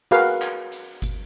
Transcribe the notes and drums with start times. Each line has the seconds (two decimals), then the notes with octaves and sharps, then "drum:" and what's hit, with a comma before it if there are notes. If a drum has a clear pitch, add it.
0.11 F#4 G#4 A#4 B4 F5 F#5, drum: hi-hat
0.42 drum: clap
0.72 drum: hi-hat
1.02 drum: kick G1, hi-hat